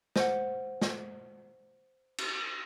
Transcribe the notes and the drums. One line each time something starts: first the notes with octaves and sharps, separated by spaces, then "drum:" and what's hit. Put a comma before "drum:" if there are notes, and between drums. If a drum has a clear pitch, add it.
C5 F#5, drum: snare
drum: snare
drum: cymbal